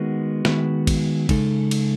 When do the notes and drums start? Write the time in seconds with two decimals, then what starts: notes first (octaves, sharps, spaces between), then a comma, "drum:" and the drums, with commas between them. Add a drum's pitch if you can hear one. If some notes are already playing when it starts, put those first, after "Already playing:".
Already playing: D#3 G#3 B3 F#4
0.45 D#3 G#3 B3 F#4, drum: snare
0.87 drum: kick, cymbal
1.29 C#3 G#3 D#4 A4, drum: kick, cymbal
1.71 drum: cymbal